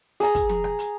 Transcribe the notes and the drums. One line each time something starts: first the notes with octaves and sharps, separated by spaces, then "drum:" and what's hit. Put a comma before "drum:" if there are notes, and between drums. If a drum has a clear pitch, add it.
G#4 A#5, drum: open hi-hat
drum: kick, hi-hat
drum: tom F3
drum: rim click
drum: hi-hat